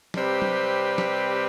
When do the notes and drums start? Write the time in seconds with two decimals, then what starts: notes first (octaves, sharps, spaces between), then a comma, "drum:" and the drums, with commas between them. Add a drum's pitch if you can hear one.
0.14 C3 G3 C4 G4 B4, drum: snare
0.42 drum: tom F#3
0.98 drum: snare